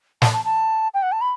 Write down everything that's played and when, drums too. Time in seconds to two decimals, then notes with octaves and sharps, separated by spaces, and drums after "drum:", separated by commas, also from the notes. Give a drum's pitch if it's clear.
0.22 A5, drum: snare
0.33 A5
0.45 A5
0.94 G5
1.03 F#5
1.12 A5
1.21 B5